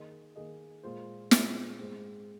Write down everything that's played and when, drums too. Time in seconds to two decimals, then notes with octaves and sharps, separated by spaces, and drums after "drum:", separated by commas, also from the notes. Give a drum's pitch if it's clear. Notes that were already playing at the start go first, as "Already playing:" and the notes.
Already playing: D#3 A#3 G#4 D#5
0.36 D#3 A#3 G#4 D#5
0.83 A#2 G#3 F4 C5
1.31 A#2 G#3 F4 C5, drum: snare
1.79 G#2 G#3 C4